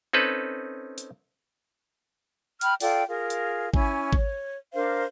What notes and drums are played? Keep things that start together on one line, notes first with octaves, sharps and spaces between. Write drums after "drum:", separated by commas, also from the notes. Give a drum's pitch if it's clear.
C4 C#4 D#4 A4 B4
drum: hi-hat
G5 B5 F6, drum: hi-hat
F4 A4 D5 G5, drum: open hi-hat
F4 G#4 A#4
drum: hi-hat
C#4 E4 G#5, drum: kick G#1
C#5, drum: kick G#1
D4 A#4 C5 F5